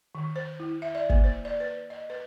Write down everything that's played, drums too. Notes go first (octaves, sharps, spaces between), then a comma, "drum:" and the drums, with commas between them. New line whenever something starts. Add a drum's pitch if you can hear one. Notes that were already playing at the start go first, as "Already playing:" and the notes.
D#3
C5
E4
E5
D5
A#3, drum: kick G1
C5
D5
B4
D#5
B4